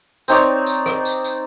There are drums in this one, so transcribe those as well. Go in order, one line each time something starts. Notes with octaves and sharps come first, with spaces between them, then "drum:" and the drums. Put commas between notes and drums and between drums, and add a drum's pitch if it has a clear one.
C4 D#4 C#5 D5, drum: tambourine
drum: tambourine
drum: rim click
drum: tambourine
drum: tambourine